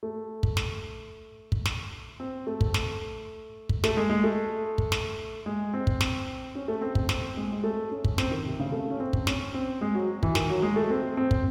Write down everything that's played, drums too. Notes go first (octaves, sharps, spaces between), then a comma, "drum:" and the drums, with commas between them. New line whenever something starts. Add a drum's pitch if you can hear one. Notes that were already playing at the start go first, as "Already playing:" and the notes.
A3
drum: kick
drum: snare
drum: kick
drum: snare
C4
A3
drum: kick
drum: snare
drum: kick
A3, drum: snare
G#3
G#3
A3
drum: kick
drum: snare
G#3
C4
drum: kick
drum: snare
C#4
A3
C4
C4, drum: kick
C4, drum: snare
G#3
G#3
A3
C#4
drum: kick
C4, drum: snare
D#3
C3
C#3
A3
C#4
C4
drum: kick
C#4, drum: snare
C4
G#3
F#3
E3, drum: kick
D#3, drum: snare
F#3
G#3
A3
C4
C4
drum: kick